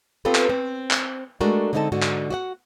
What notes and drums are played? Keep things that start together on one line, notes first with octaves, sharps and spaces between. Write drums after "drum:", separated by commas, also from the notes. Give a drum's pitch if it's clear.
B3 C4 F4 G4 A4 B4
drum: clap
C4
drum: clap
G#3 A3 D4 F#4 A4 A#4
D3 G#3 C4 D#4 A4 A5
G#2 D3 F#4
drum: clap
F#4 D5 F#5